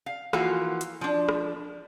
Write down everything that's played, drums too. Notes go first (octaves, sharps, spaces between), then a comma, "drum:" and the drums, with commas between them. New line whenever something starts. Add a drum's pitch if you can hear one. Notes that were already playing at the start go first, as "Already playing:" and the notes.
F5
E3 F3 A#3 F4 F#4, drum: rim click
drum: hi-hat
F3 D4
drum: rim click